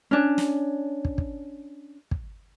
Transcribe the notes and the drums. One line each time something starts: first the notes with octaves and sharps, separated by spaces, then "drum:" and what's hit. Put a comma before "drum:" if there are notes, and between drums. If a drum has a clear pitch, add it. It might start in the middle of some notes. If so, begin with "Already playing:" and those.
C#4 D4
drum: snare
drum: kick
drum: kick
drum: kick